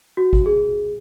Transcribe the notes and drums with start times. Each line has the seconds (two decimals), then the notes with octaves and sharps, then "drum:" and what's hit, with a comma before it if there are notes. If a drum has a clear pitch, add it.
0.17 F#4
0.33 drum: kick G#1
0.46 G#4